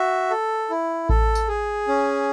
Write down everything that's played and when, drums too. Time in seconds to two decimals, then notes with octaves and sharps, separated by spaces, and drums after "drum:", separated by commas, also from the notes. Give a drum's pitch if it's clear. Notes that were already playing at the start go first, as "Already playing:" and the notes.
Already playing: F#4 E5
0.30 A4
0.70 E4
1.09 A4, drum: kick A1
1.35 drum: tambourine
1.48 G#4
1.88 C#4